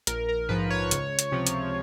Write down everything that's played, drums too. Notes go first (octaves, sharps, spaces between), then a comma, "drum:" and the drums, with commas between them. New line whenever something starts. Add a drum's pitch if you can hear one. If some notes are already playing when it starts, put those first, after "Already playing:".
A#1 A#4, drum: hi-hat
A#4
G#2 F3 B4
C#5
C#2, drum: hi-hat
drum: hi-hat
C3 F3
drum: hi-hat